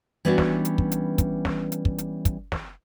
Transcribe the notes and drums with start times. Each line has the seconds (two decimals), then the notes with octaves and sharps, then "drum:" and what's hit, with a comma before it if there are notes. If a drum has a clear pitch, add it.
0.25 E3 G3 B3 C#4 D4 F#4
0.38 drum: snare
0.65 drum: hi-hat
0.78 drum: kick
0.92 drum: hi-hat
1.18 drum: kick, hi-hat
1.45 drum: snare
1.72 drum: hi-hat
1.85 drum: kick
1.98 drum: hi-hat
2.25 drum: kick, hi-hat
2.52 drum: snare